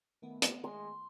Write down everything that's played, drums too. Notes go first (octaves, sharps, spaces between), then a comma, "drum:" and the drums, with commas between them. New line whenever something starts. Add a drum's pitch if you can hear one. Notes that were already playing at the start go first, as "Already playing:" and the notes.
D#3 A3 B3
drum: hi-hat
G#3 C6